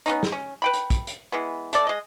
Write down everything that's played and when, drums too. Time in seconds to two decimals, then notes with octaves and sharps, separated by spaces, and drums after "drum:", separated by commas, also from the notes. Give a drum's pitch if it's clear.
0.06 B3 C#4 D#4, drum: hi-hat
0.23 drum: snare
0.32 C#4
0.62 B4 G5 B5
0.73 drum: hi-hat
0.90 drum: kick, hi-hat
1.07 drum: hi-hat
1.32 E3 G#3 B3
1.73 A3 A4 D5, drum: hi-hat
1.87 G#3 D#5